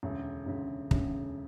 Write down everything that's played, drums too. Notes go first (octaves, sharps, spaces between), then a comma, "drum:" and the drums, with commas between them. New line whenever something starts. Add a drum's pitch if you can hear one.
E1 D2 C#3
E1 D2 C#3
E1 D2 C#3, drum: kick